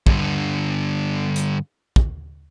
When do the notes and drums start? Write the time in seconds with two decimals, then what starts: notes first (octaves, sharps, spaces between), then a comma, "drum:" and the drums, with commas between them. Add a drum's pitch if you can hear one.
0.07 G2 D3, drum: kick
1.36 drum: hi-hat
1.96 drum: kick